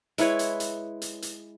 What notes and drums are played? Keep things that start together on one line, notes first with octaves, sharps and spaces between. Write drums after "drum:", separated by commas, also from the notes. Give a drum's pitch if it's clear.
G#3 E4 B4 C#5, drum: hi-hat
drum: hi-hat
drum: hi-hat
drum: hi-hat
drum: hi-hat